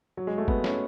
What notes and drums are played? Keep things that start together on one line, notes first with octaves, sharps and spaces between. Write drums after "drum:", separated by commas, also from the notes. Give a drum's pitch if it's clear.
F#3
G#3
A3
B3, drum: kick G1
C#4, drum: snare